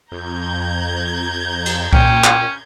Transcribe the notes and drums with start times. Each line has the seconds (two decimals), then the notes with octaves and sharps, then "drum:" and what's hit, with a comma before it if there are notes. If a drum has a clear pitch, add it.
0.12 F2 A#5 G6 G#6
1.66 drum: cymbal
1.93 A#2 C#4 G5, drum: kick C2
2.24 drum: clap